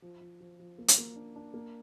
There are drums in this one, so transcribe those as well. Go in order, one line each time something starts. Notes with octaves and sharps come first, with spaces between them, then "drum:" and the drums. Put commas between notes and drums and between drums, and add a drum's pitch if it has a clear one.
F3
F3
F3
F3
A#3
drum: hi-hat
A#3
D4
D4
A#3